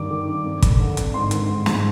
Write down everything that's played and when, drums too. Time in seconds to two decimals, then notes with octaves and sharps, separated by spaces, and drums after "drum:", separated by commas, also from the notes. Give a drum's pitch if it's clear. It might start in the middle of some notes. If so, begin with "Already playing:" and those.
Already playing: G2 D#3 D6
0.11 D#3
0.28 G2
0.45 F2
0.62 F2, drum: kick, hi-hat
0.80 D3
0.97 D3, drum: hi-hat
1.14 G#2 C6
1.31 D#3, drum: hi-hat
1.49 G#2
1.66 G#2, drum: snare